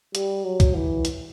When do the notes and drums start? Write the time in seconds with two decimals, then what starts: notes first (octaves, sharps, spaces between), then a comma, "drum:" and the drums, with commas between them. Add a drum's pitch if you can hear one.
0.15 G3, drum: hi-hat
0.45 F#3
0.60 drum: kick C2, hi-hat
0.74 E3
1.05 drum: hi-hat